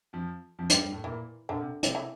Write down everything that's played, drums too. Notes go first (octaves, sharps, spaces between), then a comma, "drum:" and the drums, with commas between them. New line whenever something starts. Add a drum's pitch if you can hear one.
F2 F3
F2 F3
G2 G3, drum: hi-hat
G2 G3
A2 A3
A#2 E3 A#3
A#2 D3 A#3
C3
C3, drum: hi-hat
E3